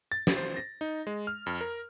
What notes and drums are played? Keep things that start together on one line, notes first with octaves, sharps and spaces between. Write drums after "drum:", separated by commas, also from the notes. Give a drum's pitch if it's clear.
A6
drum: snare
C5
A#6
D#4
G#3
F6
F2
A#4